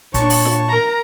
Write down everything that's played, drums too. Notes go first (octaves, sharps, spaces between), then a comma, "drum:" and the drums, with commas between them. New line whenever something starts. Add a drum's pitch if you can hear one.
A#2 D4 C#5 A5 C#6, drum: kick, hi-hat
drum: open hi-hat
drum: snare F4
A#4 A#5